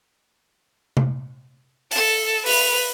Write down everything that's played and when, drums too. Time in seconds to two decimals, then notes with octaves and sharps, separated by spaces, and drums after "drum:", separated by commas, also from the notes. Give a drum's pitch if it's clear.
0.97 drum: tom C3
1.91 A4 A5, drum: open hi-hat
2.46 B4 F7, drum: open hi-hat